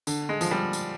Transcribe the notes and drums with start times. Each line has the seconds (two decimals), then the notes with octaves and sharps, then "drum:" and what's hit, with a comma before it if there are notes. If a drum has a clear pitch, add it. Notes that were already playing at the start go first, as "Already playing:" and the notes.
0.07 D3, drum: tambourine
0.29 G#3
0.41 F3, drum: tambourine
0.51 G3
0.73 drum: tambourine